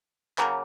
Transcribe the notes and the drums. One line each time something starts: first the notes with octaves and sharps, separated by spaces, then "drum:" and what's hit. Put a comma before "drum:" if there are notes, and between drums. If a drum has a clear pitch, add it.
C#3 F#3 A#3, drum: clap